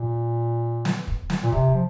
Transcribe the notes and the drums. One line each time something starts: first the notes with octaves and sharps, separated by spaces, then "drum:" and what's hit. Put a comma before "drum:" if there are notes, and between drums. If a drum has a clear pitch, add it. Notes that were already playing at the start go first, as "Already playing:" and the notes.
Already playing: A#2
drum: snare
drum: kick
drum: snare
A#2
C3, drum: kick
F3